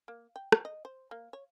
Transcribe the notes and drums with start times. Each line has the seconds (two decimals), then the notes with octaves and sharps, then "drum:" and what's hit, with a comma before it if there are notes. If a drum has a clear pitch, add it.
0.08 A#3
0.36 G5
0.52 F#4, drum: rim click
0.65 D#5
0.85 C5
1.11 A#3
1.33 C#5